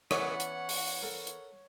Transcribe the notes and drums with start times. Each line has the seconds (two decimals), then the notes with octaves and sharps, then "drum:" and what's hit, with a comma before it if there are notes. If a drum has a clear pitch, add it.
0.11 E3 B3 C#4 C#5 D5 F#5, drum: rim click
0.40 drum: hi-hat
0.69 drum: open hi-hat
1.02 A4 A#4
1.27 drum: hi-hat